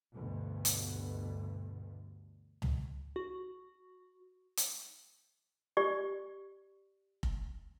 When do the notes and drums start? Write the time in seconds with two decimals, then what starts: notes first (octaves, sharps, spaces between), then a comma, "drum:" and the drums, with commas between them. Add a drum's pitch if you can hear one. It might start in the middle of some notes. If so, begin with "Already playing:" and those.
0.13 D2 G2 B2
0.65 drum: hi-hat
2.62 drum: tom C#2
3.16 F#4
4.57 drum: hi-hat
5.77 G4 D5
7.23 drum: kick F1